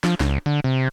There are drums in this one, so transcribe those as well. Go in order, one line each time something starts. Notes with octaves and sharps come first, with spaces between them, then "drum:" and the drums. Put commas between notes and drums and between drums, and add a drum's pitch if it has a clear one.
F3, drum: snare
C#2, drum: snare
D3
C3